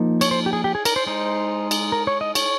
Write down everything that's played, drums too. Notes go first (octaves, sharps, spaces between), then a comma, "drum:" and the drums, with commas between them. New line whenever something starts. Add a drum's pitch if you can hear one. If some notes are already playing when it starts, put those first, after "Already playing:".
Already playing: F3 A#3 D#4
C#5, drum: cymbal
C5
G4
G#4
G4
G#4
A#4, drum: cymbal
C5
G#3 D#4 C5
drum: cymbal
A#4
C#5
D#5
C#5, drum: cymbal